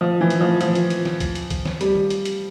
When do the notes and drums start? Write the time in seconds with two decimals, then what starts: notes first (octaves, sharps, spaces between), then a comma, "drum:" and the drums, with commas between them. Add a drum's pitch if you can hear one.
0.01 F3
0.21 E3
0.30 drum: hi-hat
0.41 F3
0.61 F3, drum: hi-hat
0.75 drum: hi-hat
0.90 drum: hi-hat
1.05 drum: snare
1.20 drum: kick C#2, hi-hat
1.35 drum: hi-hat
1.50 drum: kick C#2, hi-hat
1.65 drum: snare
1.81 G3, drum: hi-hat
1.95 drum: tom D#3
2.10 drum: hi-hat
2.25 drum: hi-hat